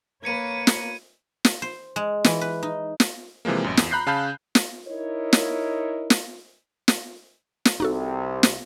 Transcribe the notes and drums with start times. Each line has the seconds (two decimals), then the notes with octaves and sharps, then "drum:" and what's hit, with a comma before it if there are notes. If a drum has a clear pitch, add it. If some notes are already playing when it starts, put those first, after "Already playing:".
0.24 A#3 B4 C#5 G#6 C#7 D#7
0.67 drum: snare
1.45 drum: snare
1.62 C5
1.96 G#3
2.24 E3, drum: snare
2.41 B4
2.63 D#4
3.00 drum: snare
3.45 C3 E3 F3 G#3 A#3
3.64 A1 F#2
3.77 E2, drum: snare
3.91 A#5 B5 F#6 G6 C7
4.07 C#3 F5 A5 B5 G6
4.55 drum: snare
4.88 D#4 E4 A#4 C#5 D#5
5.33 drum: snare
6.10 drum: snare
6.88 drum: snare
7.65 drum: snare
7.80 C2 C3 D#4 F#4 A4
8.43 drum: snare